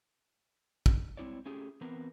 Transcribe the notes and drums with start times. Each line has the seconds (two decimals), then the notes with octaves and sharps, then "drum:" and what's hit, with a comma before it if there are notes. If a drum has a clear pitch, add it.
0.86 drum: kick
1.17 G3 G#3 C4 E4 C#5 D5
1.46 A3 C#4 F4 G4 G#4
1.81 E3 B3 C4 A#4 B4